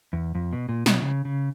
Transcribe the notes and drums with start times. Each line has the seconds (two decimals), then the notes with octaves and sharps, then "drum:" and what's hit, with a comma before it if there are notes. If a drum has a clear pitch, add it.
0.13 E2
0.35 F2
0.53 B2
0.69 A#2
0.86 B2, drum: snare
1.02 C#3
1.25 C#3